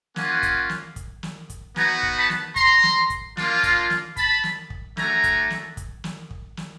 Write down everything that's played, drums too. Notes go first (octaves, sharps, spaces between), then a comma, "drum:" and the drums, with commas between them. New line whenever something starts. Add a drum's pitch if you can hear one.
A#3 C#4 F4 F#5 G#5, drum: snare
drum: kick, hi-hat
drum: snare
drum: kick, hi-hat
drum: snare
drum: kick, hi-hat
B3 D#4 F#4 G#5 A#5, drum: snare
drum: kick
A5 B5
drum: snare
A#5 C6, drum: kick, hi-hat
drum: snare
drum: kick, hi-hat
A#3 D4 F4, drum: snare
drum: kick, hi-hat
drum: snare
A5 B5, drum: kick, hi-hat
drum: snare
drum: kick
A3 D4 F#4 G#5 A#5, drum: snare
drum: kick, hi-hat
drum: snare
drum: kick, hi-hat
drum: snare
drum: kick
drum: snare